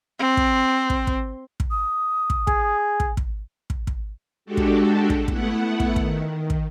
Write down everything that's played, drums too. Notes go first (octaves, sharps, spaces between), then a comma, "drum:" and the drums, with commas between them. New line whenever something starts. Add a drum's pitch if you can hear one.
C4
drum: kick
drum: kick
drum: kick
drum: kick
D#6
drum: kick
G#4, drum: kick
drum: kick
drum: kick
drum: kick
drum: kick
G#3 D4 F#4 G4 A4
drum: kick
drum: kick
A3 B3 E4 F#5, drum: kick
drum: kick
D#3, drum: kick
drum: kick